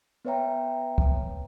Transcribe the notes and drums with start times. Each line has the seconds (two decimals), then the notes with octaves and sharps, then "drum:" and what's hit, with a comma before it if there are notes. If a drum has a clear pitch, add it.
0.25 B3 B4 C#5 E5 G5 A#5
0.98 drum: kick